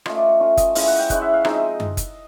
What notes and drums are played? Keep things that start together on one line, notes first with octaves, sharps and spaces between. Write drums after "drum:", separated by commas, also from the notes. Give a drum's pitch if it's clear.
A3 C#4 F4 D#5, drum: rim click
D5
C#5
A3 C#4 F4
D#5, drum: kick F#1, hi-hat
G#3 C#4 E4 F5, drum: open hi-hat
F#5
G5
G#3 C#4 E4 F#5, drum: kick F#1, hi-hat
E5
F5
F3 G#3 C4 D#4 E5, drum: rim click
D#5
drum: tom F#2
drum: kick F#1, hi-hat